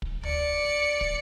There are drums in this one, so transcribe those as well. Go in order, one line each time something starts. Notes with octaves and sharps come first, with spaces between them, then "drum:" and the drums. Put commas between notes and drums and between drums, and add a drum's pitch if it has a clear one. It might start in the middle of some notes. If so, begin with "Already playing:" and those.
drum: kick
D5 C#7, drum: tom D2
drum: kick